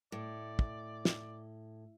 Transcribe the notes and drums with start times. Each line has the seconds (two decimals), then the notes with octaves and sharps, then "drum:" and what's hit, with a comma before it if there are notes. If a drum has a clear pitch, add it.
0.12 A2 D5
0.59 drum: kick
1.05 drum: snare